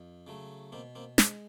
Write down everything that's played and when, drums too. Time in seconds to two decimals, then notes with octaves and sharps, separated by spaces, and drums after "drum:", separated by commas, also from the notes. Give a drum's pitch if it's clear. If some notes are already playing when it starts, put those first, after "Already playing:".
Already playing: F2
0.27 C#3 F#3 A3
0.72 B2 A#3 C4
0.95 A#3 C4
1.18 G#3 C4 D4, drum: snare